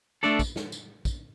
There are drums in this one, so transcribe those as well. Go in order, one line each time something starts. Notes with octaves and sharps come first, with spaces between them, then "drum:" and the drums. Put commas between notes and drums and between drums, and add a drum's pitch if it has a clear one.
A3 D4 A4 D5
drum: kick, tambourine
drum: snare
drum: tambourine
drum: kick, tambourine